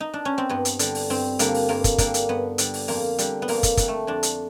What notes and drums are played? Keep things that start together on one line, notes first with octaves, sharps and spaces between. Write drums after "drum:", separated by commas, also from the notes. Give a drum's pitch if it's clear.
D#4
D4
C#4
C4
G2 B3
drum: hi-hat
D3 G3, drum: hi-hat
drum: open hi-hat
G2 C4, drum: open hi-hat
D3 G3 A#3, drum: hi-hat
drum: open hi-hat
G2 A#3
drum: kick, hi-hat
D3 G3 A#3, drum: kick, hi-hat
drum: hi-hat
G2 B3
D3 G3, drum: hi-hat
drum: open hi-hat
F2 A#3, drum: open hi-hat
D3 G3, drum: hi-hat
B3
F2 A#3, drum: open hi-hat
drum: kick, hi-hat
D3 G3, drum: kick, hi-hat
A3
F2 D4
drum: hi-hat